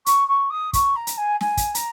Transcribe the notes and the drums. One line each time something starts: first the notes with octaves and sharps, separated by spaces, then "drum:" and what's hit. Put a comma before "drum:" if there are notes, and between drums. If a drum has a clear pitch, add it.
C#6, drum: hi-hat
C#6
D#6
C#6, drum: kick, hi-hat
A#5
drum: hi-hat
G#5
G#5, drum: snare
drum: kick, hi-hat
A#5, drum: hi-hat